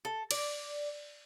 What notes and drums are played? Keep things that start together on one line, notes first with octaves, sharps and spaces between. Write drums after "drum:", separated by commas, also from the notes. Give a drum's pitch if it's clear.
A4
D5, drum: cymbal